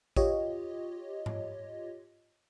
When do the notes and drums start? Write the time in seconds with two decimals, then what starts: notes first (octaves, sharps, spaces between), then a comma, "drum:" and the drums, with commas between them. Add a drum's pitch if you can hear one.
0.16 F4 G4 C#5 D#5, drum: kick A1
1.26 drum: tom G#2